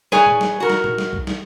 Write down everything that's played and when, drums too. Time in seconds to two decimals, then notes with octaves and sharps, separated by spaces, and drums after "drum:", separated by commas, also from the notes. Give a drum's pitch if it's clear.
0.12 G#4 B4 C#5 D5 G#5, drum: snare
0.26 drum: tom A#2
0.41 drum: snare
0.60 F#4 A#4
0.70 drum: snare
0.84 drum: tom A#2
0.98 drum: snare
1.13 drum: kick B1
1.27 drum: snare